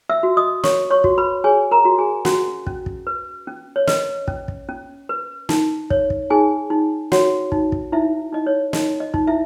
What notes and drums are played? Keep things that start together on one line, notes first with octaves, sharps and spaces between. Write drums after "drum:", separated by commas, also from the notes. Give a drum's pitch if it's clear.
E5 E6
F#4
D#5 D#6
C#5 C#6, drum: snare
C#5 C#6
F#4, drum: kick
B4 B5
G#4 C#5 G#5
A#4 A#5
F#4
G#4 G#5
C#4 F#4 F#5, drum: snare
C#4, drum: kick
drum: kick
B4
C#4
C#5
B4 D#5, drum: snare
C#4, drum: kick
drum: kick
C#4
B4
D#4, drum: snare
C#5, drum: kick
drum: kick
D#4 G#4 G#5
D#4
F#4 C#5 F#5, drum: snare
D#4, drum: kick
drum: kick
D#4 E4 E5
D#4 D#5
C#5
D#4 D#5, drum: snare
D#5
D#4, drum: kick
E4 E5